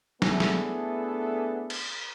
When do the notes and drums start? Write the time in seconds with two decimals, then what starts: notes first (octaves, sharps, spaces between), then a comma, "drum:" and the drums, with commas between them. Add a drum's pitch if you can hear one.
0.22 A3 B3 D4 E4 G#4 A4, drum: snare
0.40 drum: snare
1.70 drum: cymbal